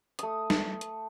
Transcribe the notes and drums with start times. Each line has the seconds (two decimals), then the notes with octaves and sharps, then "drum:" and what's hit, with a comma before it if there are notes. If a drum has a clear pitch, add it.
0.19 A3 D#6, drum: hi-hat
0.50 drum: snare
0.81 drum: hi-hat